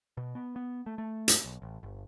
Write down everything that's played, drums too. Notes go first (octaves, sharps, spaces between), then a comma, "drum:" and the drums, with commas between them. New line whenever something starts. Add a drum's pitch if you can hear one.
B2
B3
B3
A3
A3
drum: hi-hat
B1
A1
G1